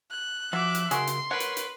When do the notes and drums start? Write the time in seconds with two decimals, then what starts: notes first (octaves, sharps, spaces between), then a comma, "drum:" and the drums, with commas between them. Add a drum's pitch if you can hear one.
0.11 F#6
0.53 F3 F#3 E5 D6
0.75 drum: hi-hat
0.91 C#3 F#4 G#4 A#4 C6, drum: hi-hat
1.07 drum: hi-hat
1.31 A#4 B4 C#5 F#5
1.40 drum: hi-hat
1.57 drum: hi-hat